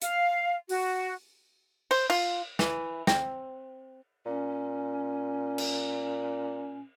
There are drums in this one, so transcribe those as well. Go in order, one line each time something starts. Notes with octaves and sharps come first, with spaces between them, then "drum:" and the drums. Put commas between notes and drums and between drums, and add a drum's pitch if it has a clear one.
F5, drum: hi-hat
F#4, drum: open hi-hat
C5, drum: cymbal
F4, drum: cymbal
E3, drum: snare
C4, drum: snare
A#2 C#4
drum: cymbal